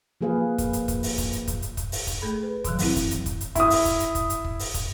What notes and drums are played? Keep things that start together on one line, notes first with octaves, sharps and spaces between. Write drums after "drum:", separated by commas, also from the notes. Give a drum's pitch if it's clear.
F3 A#3 G#4 B4 F5
drum: kick, hi-hat
drum: hi-hat
drum: kick, hi-hat
drum: open hi-hat
drum: kick, hi-hat
drum: hi-hat
drum: kick, hi-hat
drum: hi-hat
drum: kick, hi-hat
drum: open hi-hat
drum: kick, hi-hat
A3 G#4 A4 B5
B4
B2 D#3 E3 F#3, drum: kick, hi-hat
F2 F#3 C4 E4, drum: open hi-hat
drum: kick, hi-hat
drum: hi-hat
drum: kick, hi-hat
drum: hi-hat
E4 D#6, drum: kick, hi-hat
drum: open hi-hat
drum: kick, hi-hat
drum: hi-hat
drum: kick, hi-hat
drum: hi-hat
drum: kick
drum: open hi-hat
drum: kick, hi-hat